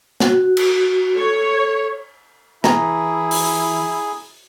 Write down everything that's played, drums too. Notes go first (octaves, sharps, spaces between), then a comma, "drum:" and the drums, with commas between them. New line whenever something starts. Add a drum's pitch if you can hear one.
F#4, drum: snare
drum: cymbal
A4 C#5
E3 E4 G#4 A#5, drum: snare
drum: open hi-hat